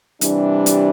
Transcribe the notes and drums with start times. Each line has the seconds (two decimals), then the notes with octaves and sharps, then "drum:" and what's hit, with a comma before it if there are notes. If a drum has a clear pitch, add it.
0.21 C3 E3 G3 D4, drum: hi-hat
0.66 drum: hi-hat